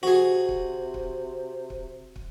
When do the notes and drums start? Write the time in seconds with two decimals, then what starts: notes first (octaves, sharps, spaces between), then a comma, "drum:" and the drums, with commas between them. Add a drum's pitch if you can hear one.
0.03 C3 F#4 G#4
0.49 drum: kick
0.94 drum: kick
1.70 drum: kick
2.16 drum: kick